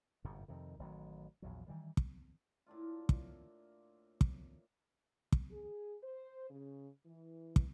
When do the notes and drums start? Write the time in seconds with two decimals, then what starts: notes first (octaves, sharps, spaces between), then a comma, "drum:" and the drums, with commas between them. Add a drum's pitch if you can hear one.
0.24 G1 F#2 A2 C3
0.48 F2 C3 D#3
0.79 A1 D#3 F#3
1.42 A#1 E2 F#3
1.68 D#3 E3 G3
1.97 drum: kick
2.67 A2 A#3 D4 F4
3.09 drum: kick
4.21 drum: kick
5.32 drum: kick
5.50 G#4
6.03 C5
6.50 C#3
7.06 E3
7.56 drum: kick